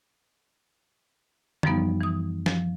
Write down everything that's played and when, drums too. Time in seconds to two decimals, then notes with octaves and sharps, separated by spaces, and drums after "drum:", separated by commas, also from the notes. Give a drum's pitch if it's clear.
1.63 F#2 E3 F3 G3 B3 D#4, drum: tom D3
2.00 E3 D#6
2.46 F3, drum: snare